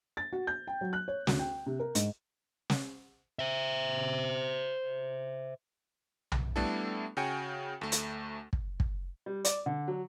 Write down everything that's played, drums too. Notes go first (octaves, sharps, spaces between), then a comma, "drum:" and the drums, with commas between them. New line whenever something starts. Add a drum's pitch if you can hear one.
A6
F#4
G6
G5
F#3
F#6
C#5
D2, drum: snare
G5
C3
A#4
G#2, drum: hi-hat
drum: snare
C5 E5
drum: tom B1
G3 A3 B3 D4 E4 A4
C#3 F#4 G5 G#5 C#7
D2 A3
drum: hi-hat
drum: kick
drum: kick
G3
D5, drum: hi-hat
D3
F#3